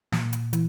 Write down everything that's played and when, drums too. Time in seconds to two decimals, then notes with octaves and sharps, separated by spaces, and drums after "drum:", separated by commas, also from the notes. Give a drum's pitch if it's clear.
0.12 A#2, drum: snare
0.33 drum: hi-hat
0.53 E3, drum: hi-hat